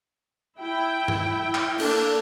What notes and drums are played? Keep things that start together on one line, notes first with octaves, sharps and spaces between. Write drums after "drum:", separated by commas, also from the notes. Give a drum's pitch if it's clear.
E4 G5
drum: tom G2
drum: clap
A#3 D4 A4, drum: cymbal